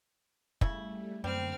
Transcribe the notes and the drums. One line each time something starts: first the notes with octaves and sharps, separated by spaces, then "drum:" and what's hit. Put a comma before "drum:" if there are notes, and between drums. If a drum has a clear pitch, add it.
C#3 G3 A3 E4, drum: kick
F#2 D3 G3 A3 A#3 C4 F6